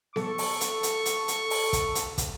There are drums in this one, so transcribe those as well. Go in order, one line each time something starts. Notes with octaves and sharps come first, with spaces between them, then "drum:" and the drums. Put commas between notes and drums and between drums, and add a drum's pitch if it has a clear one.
A4 C#6, drum: snare B3
drum: open hi-hat
drum: hi-hat
drum: hi-hat
drum: hi-hat
drum: hi-hat
drum: open hi-hat
drum: kick, hi-hat
drum: hi-hat
drum: kick, hi-hat